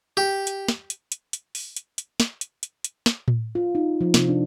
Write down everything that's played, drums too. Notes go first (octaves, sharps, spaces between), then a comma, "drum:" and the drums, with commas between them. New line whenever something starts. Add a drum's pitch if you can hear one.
G4
drum: hi-hat
drum: snare
drum: hi-hat
drum: hi-hat
drum: hi-hat
drum: open hi-hat
drum: hi-hat
drum: hi-hat
drum: snare
drum: hi-hat
drum: hi-hat
drum: hi-hat
drum: snare
drum: tom A2
F4
D#4
F3
C3, drum: snare
D4